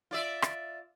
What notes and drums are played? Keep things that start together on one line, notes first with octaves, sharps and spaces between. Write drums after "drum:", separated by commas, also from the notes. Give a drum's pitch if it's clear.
F4 D5 E5
drum: rim click